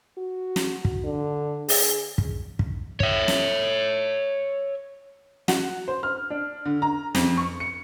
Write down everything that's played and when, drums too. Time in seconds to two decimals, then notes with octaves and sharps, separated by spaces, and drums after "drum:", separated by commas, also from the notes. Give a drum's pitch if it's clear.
0.18 F#4
0.56 drum: snare
0.85 drum: kick
1.04 D3
1.69 G#4, drum: open hi-hat
2.18 drum: kick
2.59 drum: kick
3.00 C#5 E5, drum: kick
3.28 drum: snare
5.48 F#4, drum: snare
5.88 C5
6.03 F6
6.30 D4
6.65 D3
6.82 A#5
7.15 F2, drum: snare
7.37 C#6
7.60 C#7